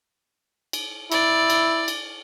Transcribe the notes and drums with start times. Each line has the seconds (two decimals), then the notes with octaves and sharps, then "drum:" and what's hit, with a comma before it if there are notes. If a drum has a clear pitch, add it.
0.73 drum: cymbal
1.12 E4 D5, drum: cymbal
1.50 drum: cymbal
1.88 drum: cymbal